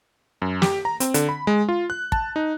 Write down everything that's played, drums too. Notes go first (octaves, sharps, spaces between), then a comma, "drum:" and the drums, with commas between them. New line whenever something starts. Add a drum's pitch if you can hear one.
F#2
G4, drum: snare
A#5
C4, drum: hi-hat
D3, drum: hi-hat
B5
G#3
F4
F#6
A5, drum: kick
D#4